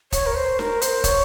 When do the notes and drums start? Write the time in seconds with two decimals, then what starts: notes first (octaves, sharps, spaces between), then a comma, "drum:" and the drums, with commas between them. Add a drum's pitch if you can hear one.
0.12 C#5, drum: kick, hi-hat
0.26 A#4
0.35 C5
0.59 A#4, drum: snare
0.81 C5, drum: hi-hat
1.04 C#5, drum: kick, hi-hat